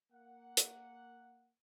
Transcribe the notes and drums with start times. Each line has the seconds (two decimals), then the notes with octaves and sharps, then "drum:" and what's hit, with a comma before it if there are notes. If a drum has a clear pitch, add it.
0.12 A#3 F#5
0.57 drum: hi-hat